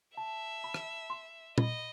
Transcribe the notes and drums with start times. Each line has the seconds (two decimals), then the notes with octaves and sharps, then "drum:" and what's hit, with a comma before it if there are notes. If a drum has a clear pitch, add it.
0.17 E5 A5
0.64 B5
0.74 drum: rim click
1.10 C6
1.58 D#5 B5, drum: tom